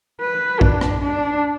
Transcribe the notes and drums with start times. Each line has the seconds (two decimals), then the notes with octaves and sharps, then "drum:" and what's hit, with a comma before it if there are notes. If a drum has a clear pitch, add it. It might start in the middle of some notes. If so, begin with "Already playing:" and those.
0.21 B4
0.61 D4, drum: kick
0.81 drum: rim click
1.02 D4